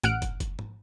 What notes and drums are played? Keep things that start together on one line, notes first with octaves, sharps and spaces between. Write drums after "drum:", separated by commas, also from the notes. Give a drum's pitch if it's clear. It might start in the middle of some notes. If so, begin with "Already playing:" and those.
A1 F#5 F6 F#6 D7, drum: hi-hat
drum: kick, hi-hat
drum: kick, hi-hat
drum: tom G#2